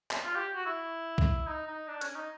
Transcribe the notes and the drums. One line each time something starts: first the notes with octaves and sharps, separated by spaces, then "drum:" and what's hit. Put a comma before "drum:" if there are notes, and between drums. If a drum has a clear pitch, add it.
drum: clap
F4
G4
F#4
E4
drum: kick C2
D#4
D#4
D4
C#4, drum: hi-hat
D#4